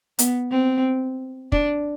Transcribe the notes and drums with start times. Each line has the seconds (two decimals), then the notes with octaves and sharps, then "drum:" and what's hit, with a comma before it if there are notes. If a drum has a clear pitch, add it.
0.19 B3, drum: hi-hat
0.51 C4
1.52 D4, drum: kick